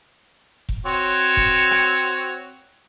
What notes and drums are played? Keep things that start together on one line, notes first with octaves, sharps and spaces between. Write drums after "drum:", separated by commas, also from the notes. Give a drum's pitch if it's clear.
drum: kick F1
C4 F#4 C#5
drum: kick F1
drum: rim click